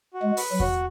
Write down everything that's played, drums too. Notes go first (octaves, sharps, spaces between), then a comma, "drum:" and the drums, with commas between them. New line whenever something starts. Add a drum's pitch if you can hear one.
F#4
G#3
B4, drum: open hi-hat
F#3
F#4, drum: kick E2